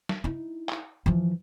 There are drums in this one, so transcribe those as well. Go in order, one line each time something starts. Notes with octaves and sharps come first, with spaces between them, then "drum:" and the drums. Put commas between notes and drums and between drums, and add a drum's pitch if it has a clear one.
drum: snare
D#4 E4
drum: clap
E3 F3